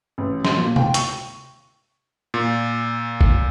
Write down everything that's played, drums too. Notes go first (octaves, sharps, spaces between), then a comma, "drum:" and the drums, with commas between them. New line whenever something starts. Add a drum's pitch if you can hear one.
A1
C6, drum: snare
A#2
G5, drum: tom
C#6, drum: hi-hat
A#2
drum: kick G1